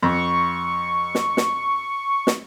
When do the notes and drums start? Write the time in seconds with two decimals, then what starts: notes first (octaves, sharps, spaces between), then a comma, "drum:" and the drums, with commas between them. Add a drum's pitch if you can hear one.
0.02 F2 C#6
1.15 drum: snare
1.37 drum: snare
2.27 drum: snare